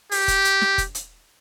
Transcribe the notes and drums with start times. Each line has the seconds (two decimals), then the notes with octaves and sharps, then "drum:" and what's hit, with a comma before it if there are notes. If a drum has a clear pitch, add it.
0.11 G4, drum: open hi-hat
0.28 drum: kick F1, hi-hat
0.45 drum: hi-hat
0.61 drum: snare
0.78 drum: kick F1, hi-hat
0.95 drum: hi-hat